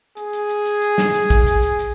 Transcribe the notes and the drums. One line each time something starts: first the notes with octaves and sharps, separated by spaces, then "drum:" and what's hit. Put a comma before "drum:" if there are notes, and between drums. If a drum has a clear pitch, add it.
G#4, drum: hi-hat
drum: hi-hat
drum: hi-hat
drum: hi-hat
drum: hi-hat
drum: snare
drum: hi-hat
drum: kick A1, hi-hat
drum: hi-hat
drum: hi-hat
drum: hi-hat